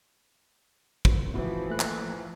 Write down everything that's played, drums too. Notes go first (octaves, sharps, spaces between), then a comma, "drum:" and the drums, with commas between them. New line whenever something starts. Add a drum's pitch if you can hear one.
drum: kick
E3 F3 A3 E4 F#4
A3 A#3 F#6
drum: clap